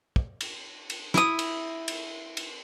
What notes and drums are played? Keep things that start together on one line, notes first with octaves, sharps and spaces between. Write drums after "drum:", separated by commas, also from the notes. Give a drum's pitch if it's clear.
drum: kick
drum: cymbal
drum: cymbal
E4 D#6, drum: snare
drum: cymbal
drum: cymbal
drum: cymbal